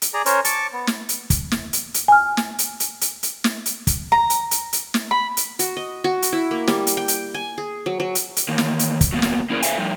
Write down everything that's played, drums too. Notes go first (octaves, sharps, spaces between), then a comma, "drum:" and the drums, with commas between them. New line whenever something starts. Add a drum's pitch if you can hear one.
drum: hi-hat
G#4 D5 A#5
C#4 A#4 C5 C#5, drum: hi-hat
A5 C#6 D6, drum: hi-hat
B3
drum: snare
drum: hi-hat
drum: kick, hi-hat
drum: snare
drum: hi-hat
drum: hi-hat
G#5 F6
drum: snare
drum: hi-hat
drum: hi-hat
drum: hi-hat
drum: hi-hat
drum: snare
drum: hi-hat
drum: kick, hi-hat
A#5
drum: hi-hat
drum: hi-hat
drum: hi-hat
drum: snare
B5
drum: hi-hat
F#4, drum: hi-hat
D#5
F#4
drum: hi-hat
E4
A#3
G3, drum: snare
drum: hi-hat
G5
drum: hi-hat
G#5
G#4
F#3
F#3
drum: hi-hat
drum: hi-hat
D#3 E3 A#3
drum: snare
drum: hi-hat
drum: kick, hi-hat
F#3 A#3 B3
drum: snare
A#3 C#4 E4 G#4 A#4 D5
A4 C5 E5 F5 G#5, drum: hi-hat
F3 G3 A3 D#4